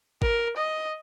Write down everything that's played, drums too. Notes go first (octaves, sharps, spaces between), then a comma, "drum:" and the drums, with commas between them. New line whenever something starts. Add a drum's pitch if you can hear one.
A#4, drum: kick G#1
D#5